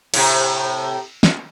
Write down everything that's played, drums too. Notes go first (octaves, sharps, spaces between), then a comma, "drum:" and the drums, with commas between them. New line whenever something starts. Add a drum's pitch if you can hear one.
A2 C3, drum: cymbal
drum: snare